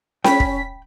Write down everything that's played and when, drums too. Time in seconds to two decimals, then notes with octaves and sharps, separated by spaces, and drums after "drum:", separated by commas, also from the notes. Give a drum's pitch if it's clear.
0.24 C#4 G5 B5 B6, drum: snare C#4
0.40 drum: kick